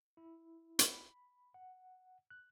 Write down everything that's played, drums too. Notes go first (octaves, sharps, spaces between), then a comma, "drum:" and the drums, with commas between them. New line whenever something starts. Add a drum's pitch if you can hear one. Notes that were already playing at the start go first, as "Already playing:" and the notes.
E4
B5, drum: hi-hat
F#5
F#6